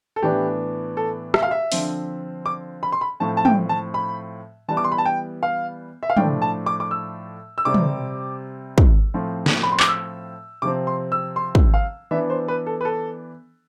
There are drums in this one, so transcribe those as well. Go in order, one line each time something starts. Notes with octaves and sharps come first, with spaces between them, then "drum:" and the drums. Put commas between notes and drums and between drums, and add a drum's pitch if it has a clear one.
A4
A2 E3 B3 D4 G4
A4
E5, drum: rim click
F5
E5
D3 F3 C4, drum: open hi-hat
D6
B5
C6
B5
A2 F3 C4 A5
A5
G5, drum: tom
A5
B5
E3 G3 B3 A5
D6
C6
B5
A5
G5
F5
E5
F5
A2 F3 A3 D4 G5, drum: tom
A5
D6
D6
E6
E6
C3 G3 C4 D6
drum: tom
drum: kick
A2 F3 C4
drum: snare
B5
C6
D6, drum: clap
E6
C3 F3 C4 D6
C6
E6
C6
drum: kick
F5
E3 B3 D4 E5
C5
B4
A4
B4
A4